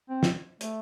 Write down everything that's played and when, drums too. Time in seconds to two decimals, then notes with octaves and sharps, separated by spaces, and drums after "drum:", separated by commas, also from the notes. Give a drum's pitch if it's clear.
0.09 C4
0.23 drum: snare
0.61 A3, drum: hi-hat